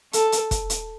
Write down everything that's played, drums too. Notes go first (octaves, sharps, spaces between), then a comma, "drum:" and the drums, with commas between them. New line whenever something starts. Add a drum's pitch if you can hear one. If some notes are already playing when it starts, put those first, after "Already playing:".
A4, drum: hi-hat
drum: hi-hat
drum: kick, hi-hat
drum: hi-hat